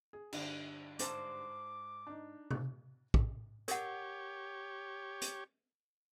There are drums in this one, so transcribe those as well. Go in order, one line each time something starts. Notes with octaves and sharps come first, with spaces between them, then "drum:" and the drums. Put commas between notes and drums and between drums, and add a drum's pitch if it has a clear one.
G#4
G2 D3, drum: cymbal
G#2 C5 A5 D6, drum: hi-hat
D4 D#4
drum: tom C3
drum: kick
G4 A#4 C#5 F#5, drum: hi-hat
drum: hi-hat